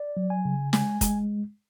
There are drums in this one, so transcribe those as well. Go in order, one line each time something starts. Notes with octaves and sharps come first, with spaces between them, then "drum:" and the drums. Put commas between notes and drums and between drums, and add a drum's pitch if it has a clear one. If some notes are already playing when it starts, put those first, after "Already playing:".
Already playing: D5
F#3
G#5
C#3
G#3 G#5, drum: snare
G#3, drum: kick, hi-hat